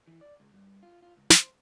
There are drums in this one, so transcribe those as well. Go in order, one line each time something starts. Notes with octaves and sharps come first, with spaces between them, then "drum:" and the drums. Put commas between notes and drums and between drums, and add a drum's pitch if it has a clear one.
E3
D5
C#2
G2
F4
F4
C#2
C5, drum: snare